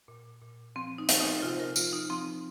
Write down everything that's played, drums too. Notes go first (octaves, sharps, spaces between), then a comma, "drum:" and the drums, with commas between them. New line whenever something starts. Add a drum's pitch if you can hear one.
A#2
A#2
F3 C4
D#4
F3, drum: hi-hat
D#4
C3 F4
A#4
F3 F4, drum: tambourine
D#4
F3 C4